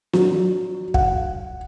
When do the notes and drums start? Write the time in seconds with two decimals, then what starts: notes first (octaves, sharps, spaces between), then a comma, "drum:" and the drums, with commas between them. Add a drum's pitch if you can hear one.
0.13 F#3, drum: snare D4
0.94 F#5, drum: kick